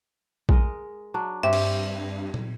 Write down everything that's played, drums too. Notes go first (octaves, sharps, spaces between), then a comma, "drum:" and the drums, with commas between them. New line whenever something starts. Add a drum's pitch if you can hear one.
G#3 A#4 D#5, drum: kick A#1
F#3 D4
G2 C4 G4 C#5 E5
drum: cymbal
drum: tom A#2